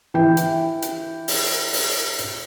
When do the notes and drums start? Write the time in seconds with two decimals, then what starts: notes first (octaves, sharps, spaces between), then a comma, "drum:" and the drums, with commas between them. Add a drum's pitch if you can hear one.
0.14 E3 G5
0.37 drum: hi-hat
0.82 drum: hi-hat
1.28 drum: open hi-hat
1.73 drum: open hi-hat
2.19 drum: hi-hat